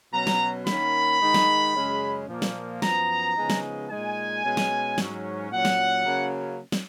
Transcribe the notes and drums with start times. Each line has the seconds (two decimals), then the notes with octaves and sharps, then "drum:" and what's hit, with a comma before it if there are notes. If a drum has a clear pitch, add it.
0.13 B2 F#3 C#4 A#5
0.27 drum: snare
0.67 D#3 A#3 C#4 B5, drum: snare
1.21 D#3 G#3 D#4
1.34 drum: snare
1.75 F#2 C#3 G#3 C#4
2.28 A#2 F3 A#3
2.42 drum: snare
2.82 F#2 F3 B3 A#5, drum: snare
3.36 C#3 F3 G#3 B3 D#4
3.50 drum: snare
3.90 A#2 G#3 D#4 G#5
4.44 B2 G#3 C#4
4.57 drum: snare
4.98 G#2 F#3 C#4, drum: snare
5.51 A#2 F#3 C#4 F#5
5.65 drum: snare
6.05 C#3 F#3 A#3 C#4
6.72 drum: snare